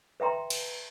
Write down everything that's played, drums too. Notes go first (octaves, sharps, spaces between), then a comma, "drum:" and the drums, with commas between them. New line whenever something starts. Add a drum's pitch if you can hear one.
B4 E5 G5 A#5 C6
drum: cymbal